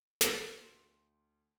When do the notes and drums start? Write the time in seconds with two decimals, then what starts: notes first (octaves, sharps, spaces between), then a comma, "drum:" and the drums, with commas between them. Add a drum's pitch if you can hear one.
0.21 drum: snare
0.56 D2 C6 F#7